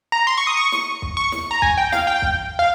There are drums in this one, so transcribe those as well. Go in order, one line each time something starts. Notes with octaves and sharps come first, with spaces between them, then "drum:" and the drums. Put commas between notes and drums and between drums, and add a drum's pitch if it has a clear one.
A#5
C6
C#6
D#6
C#6
drum: snare
drum: kick
C#6
drum: snare
A#5
G#5, drum: kick
G5
F5, drum: snare
G5
drum: kick
F5